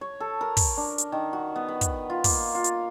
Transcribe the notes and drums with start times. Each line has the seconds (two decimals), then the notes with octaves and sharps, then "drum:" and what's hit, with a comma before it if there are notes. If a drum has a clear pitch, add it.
0.01 C#5
0.20 A4
0.41 A#4
0.57 drum: kick, open hi-hat
0.77 D4
0.98 drum: hi-hat
1.12 D#3
1.33 F#4
1.56 B3
1.68 B4
1.81 drum: kick, hi-hat
2.10 F4
2.24 A#3, drum: kick, open hi-hat
2.55 F4
2.64 drum: hi-hat